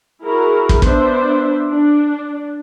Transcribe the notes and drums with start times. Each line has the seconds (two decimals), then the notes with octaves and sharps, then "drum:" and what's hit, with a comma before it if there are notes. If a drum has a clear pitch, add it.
0.24 E4 F#4 G#4 A#4
0.69 drum: kick
0.82 B3 D4 C5 E5, drum: kick
1.68 D4